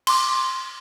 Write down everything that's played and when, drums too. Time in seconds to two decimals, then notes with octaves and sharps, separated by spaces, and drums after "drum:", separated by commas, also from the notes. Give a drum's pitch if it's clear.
0.07 C6 D6, drum: cymbal